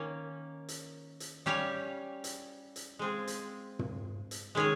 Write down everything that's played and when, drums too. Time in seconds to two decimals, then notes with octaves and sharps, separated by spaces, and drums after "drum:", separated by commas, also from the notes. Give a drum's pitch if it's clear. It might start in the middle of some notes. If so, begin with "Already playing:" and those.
Already playing: D#3 A#3 C#4
0.68 drum: hi-hat
1.20 drum: hi-hat
1.46 G3 C#4 G4 C#5 F5
2.24 drum: hi-hat
2.76 drum: hi-hat
2.99 G#3 C4 F4 G#4
3.27 drum: hi-hat
3.79 drum: tom
4.31 drum: hi-hat
4.55 D#3 G#3 C#4 G#4 C#5